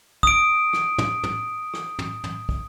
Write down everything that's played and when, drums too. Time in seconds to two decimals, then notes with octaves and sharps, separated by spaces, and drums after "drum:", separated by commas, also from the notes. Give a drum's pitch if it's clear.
0.23 D#6 D7, drum: kick
0.73 drum: rim click
0.98 drum: tom
1.23 drum: tom
1.74 drum: rim click
1.99 drum: tom
2.24 drum: tom
2.49 drum: kick